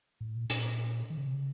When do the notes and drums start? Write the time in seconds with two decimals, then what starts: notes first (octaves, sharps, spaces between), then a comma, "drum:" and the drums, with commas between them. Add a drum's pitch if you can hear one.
0.21 A2
0.35 A#2
0.50 A#2, drum: hi-hat
1.10 D#3
1.18 C#3
1.27 C3
1.34 C#3